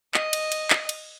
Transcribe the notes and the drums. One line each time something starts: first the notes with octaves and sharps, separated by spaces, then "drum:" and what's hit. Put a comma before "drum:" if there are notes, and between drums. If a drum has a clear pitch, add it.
D#5, drum: clap
drum: cymbal
drum: cymbal
drum: clap
drum: cymbal